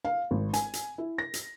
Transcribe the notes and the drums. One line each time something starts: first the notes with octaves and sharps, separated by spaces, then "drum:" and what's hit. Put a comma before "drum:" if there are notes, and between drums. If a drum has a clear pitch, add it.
F5
G#1
G#5, drum: hi-hat
drum: hi-hat
E4
A#6
drum: hi-hat